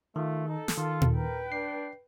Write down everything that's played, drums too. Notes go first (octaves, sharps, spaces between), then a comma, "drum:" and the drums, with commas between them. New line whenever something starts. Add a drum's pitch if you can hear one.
D#3 A3 F4
D#4 A4
drum: snare
D#3 F4
drum: tom
A#4 B4 G5
D4 C7